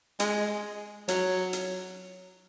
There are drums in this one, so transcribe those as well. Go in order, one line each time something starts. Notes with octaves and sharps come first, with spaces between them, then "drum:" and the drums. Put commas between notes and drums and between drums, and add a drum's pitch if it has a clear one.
G#3, drum: hi-hat
F#3, drum: hi-hat
drum: hi-hat